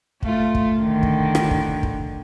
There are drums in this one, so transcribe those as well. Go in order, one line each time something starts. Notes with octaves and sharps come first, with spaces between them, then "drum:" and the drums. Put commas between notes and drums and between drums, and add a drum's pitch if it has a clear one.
A3 F4, drum: kick
drum: kick
D3 D#3
drum: kick
drum: rim click
drum: kick
drum: kick